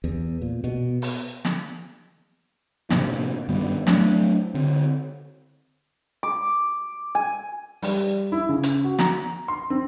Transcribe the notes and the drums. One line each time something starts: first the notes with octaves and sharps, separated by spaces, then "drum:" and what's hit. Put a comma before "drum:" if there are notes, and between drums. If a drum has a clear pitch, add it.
E2
A#2
B2
drum: open hi-hat
drum: snare
A2 C3 A#3 D4, drum: snare
G2 D#3 G3 B3
F#3 A3 C4 D4, drum: snare
D3 C4
D6
G#5
G3, drum: open hi-hat
E4
C#3
drum: hi-hat
F#4
A#5, drum: snare
C6
C4